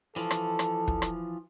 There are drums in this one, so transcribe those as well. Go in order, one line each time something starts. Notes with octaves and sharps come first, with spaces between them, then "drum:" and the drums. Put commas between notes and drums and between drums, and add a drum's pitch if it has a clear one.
E3 F3 A4
drum: rim click
drum: rim click
drum: kick
drum: rim click